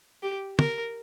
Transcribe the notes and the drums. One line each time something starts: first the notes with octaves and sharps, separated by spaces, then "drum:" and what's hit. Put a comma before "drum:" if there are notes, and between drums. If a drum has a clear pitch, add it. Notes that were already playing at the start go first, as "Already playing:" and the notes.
G4
A#4, drum: tom